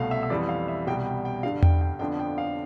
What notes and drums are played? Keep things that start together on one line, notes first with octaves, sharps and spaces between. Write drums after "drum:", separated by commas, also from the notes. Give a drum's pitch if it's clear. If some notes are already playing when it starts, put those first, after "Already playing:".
Already playing: C2 B2 A3 F5
E5
E5
F2 E3 G3 B3 D5
F5
E5
C2 B2 G3 G5
G5
G5
G2 D3 G3 F5
G5, drum: tom E2
G5
F2 D3 F3 B3 D4 G5
G5
F5